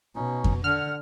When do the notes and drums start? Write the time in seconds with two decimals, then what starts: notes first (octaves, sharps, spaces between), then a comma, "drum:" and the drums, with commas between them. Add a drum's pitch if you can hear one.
0.15 B2 C#4 D#4
0.44 drum: kick F2
0.64 D3 F#5 F6